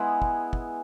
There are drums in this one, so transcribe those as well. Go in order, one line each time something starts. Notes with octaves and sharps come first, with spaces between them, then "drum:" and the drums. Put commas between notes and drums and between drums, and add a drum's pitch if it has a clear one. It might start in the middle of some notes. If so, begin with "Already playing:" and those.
Already playing: G#3 B3 E4 G#4
drum: kick
drum: kick